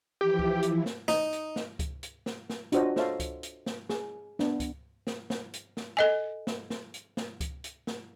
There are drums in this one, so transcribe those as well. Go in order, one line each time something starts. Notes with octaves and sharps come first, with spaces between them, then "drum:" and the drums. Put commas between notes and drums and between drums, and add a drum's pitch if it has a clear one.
E3 F3 E4 G4
drum: kick C#2
drum: hi-hat
drum: snare
D#4, drum: snare
drum: hi-hat
drum: snare
drum: kick C#2, hi-hat
drum: hi-hat
drum: snare
drum: snare
D4 F4 F#4 C5 C#5 D#5, drum: hi-hat
A4 C5 C#5 D#5 F5 A5, drum: snare
drum: kick C#2, hi-hat
drum: hi-hat
drum: snare
G#4, drum: snare
B3 D4, drum: snare
drum: kick C#2, hi-hat
drum: snare
drum: snare
drum: hi-hat
drum: snare
A4 D#5 G#5
drum: snare
drum: snare
drum: hi-hat
drum: snare
drum: kick C#2, hi-hat
drum: hi-hat
drum: snare